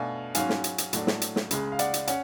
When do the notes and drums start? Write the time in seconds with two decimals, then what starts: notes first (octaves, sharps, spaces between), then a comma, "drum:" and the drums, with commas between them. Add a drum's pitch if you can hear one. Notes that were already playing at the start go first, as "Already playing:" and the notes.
Already playing: B2 A3 D4 F5 G#5
0.35 G#2 F#3 C#4 F5 G#5, drum: hi-hat
0.49 drum: snare
0.64 drum: hi-hat
0.78 drum: hi-hat
0.93 A2 F#3 A3 D4, drum: hi-hat
1.07 drum: snare
1.21 drum: hi-hat
1.36 drum: snare
1.51 C#2 C#3 G#3, drum: hi-hat
1.72 F5
1.79 D5 F#5, drum: hi-hat
1.94 drum: hi-hat
2.07 C#4 F#5, drum: hi-hat